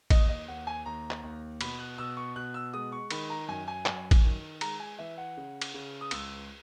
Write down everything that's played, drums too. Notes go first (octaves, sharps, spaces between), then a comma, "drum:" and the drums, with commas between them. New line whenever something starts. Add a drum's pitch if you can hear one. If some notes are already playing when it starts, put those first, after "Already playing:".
D#2 D#5, drum: kick A1, cymbal
D#5
D#2 F#5
G#5
D#2 A#5
drum: clap
D#2
B2 B5, drum: cymbal
F#6
B2 E6
C#6
B2 F#6
E6
G#3 D#6
C#6
D#3 B5, drum: cymbal
A#5
F#2 G#5
G#5
F#2, drum: clap
drum: kick A1, cymbal
D#3
G#3 A#5, drum: cymbal
G#5
E3 E5
F#5
C#3
drum: cymbal
C#3
D#6
C#2 E6, drum: cymbal